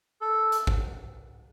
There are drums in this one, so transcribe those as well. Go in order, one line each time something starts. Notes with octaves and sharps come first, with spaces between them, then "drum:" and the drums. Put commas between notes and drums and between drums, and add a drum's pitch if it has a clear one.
A4
drum: hi-hat
drum: kick